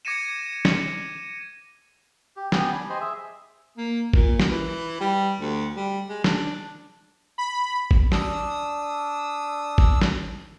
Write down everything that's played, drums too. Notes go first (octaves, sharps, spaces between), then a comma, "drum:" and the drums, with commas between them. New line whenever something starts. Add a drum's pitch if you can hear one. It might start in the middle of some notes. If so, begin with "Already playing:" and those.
D6 G#6 A#6 C#7 D#7 E7
drum: snare
G4
B3 G4 G#5, drum: snare
D4 B5
G4 C5 D#5 G#5
G#4 E5
A#3
A#2, drum: kick G#1
drum: snare
E3
G3
D2
G3
G#3
D4, drum: snare
B5
drum: kick G#1
D4 D#6 E6, drum: snare
drum: kick G#1
drum: snare